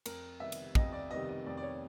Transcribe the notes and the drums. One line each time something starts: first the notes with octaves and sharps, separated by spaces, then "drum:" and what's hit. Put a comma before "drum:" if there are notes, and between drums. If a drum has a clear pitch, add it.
F2 A#4, drum: cymbal
C3 D#3 G3 B3 E5
drum: cymbal
F2 D#5, drum: kick
D5
C3 D#3 G3 B3 D#5
D#5
F2 D5
D5
C#5